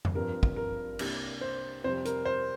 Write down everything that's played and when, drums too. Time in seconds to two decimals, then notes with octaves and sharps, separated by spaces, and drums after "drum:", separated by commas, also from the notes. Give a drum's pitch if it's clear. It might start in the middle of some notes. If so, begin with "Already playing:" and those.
0.05 drum: tom F2
0.14 G2 F3 C4 A#4
0.43 drum: kick
0.56 A#4
0.99 C2 C3 A#3 D4, drum: cymbal
1.41 C5
1.84 F2 C3 G3 C5
2.05 A#4, drum: hi-hat
2.25 C5